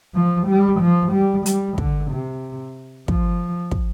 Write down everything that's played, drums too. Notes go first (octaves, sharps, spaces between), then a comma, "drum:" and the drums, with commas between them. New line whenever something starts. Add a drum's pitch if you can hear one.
F3
G3
F3
G3
G3, drum: hi-hat
D3, drum: kick
C3
F3, drum: kick
drum: kick